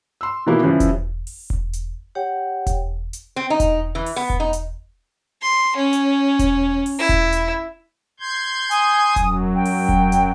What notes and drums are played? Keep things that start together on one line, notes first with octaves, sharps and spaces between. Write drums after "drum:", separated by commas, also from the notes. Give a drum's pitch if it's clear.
C6 E6
B2 D#3 E3 A#3 E4 G4
C#3 E3 F3 G3
drum: kick E1, hi-hat
drum: open hi-hat
drum: kick E1
drum: hi-hat
G4 C#5 F#5 G5
drum: kick E1, hi-hat
drum: hi-hat
C4
D#4
drum: kick E1, hi-hat
E3
drum: open hi-hat
B3
drum: kick E1
D#4
drum: hi-hat
C6
C#4
drum: hi-hat
drum: kick E1, hi-hat
drum: open hi-hat
E4
drum: kick E1
drum: hi-hat
C6 G6 G#6
G#5 D#6, drum: hi-hat
F#2 F#3, drum: kick E1, hi-hat
G5
drum: open hi-hat
drum: kick E1
drum: hi-hat